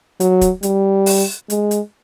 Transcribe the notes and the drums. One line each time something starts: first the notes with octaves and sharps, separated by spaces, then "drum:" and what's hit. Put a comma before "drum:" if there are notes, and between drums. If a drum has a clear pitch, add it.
F#3, drum: hi-hat
drum: kick, hi-hat
G3, drum: hi-hat
drum: open hi-hat
G#3, drum: hi-hat
drum: hi-hat